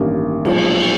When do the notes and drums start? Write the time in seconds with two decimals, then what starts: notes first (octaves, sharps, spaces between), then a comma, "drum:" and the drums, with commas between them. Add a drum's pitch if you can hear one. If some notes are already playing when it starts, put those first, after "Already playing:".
Already playing: A1 G2 D#3 G3 A#3
0.45 B1 A#2 F3 G#3, drum: cymbal